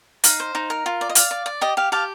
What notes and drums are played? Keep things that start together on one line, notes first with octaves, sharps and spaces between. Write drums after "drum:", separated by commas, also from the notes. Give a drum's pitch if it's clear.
D#4 F5, drum: hi-hat
C5
D#4
A#4
F4
D5
D#5
D5 F5, drum: hi-hat
D5
D5
G4 D#5
G4 F5
G4 F5 A5